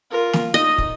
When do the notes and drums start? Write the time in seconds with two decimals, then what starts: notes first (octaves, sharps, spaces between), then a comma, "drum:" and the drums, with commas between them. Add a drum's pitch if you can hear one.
0.11 F4 A#4
0.33 drum: snare
0.54 D#4 D#5
0.78 drum: kick